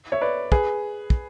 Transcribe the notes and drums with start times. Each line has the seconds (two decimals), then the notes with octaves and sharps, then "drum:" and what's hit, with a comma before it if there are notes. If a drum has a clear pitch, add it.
0.12 C#5 E5
0.21 B4 D5
0.52 G#4 B4, drum: kick
1.10 drum: kick